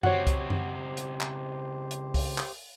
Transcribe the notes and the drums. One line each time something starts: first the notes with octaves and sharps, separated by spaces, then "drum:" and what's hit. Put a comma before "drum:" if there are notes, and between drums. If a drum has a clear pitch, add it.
C#2 C4 F#4 G4 C5 C#5 F#5, drum: tom F#2
drum: kick C2, hi-hat
drum: tom F#2
drum: hi-hat
drum: clap
drum: hi-hat
drum: kick C2, open hi-hat
drum: clap